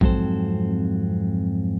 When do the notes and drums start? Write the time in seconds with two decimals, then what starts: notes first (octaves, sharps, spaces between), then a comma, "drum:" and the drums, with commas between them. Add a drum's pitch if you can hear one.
0.01 F2 G#2 F#3 C4 A4 C5, drum: kick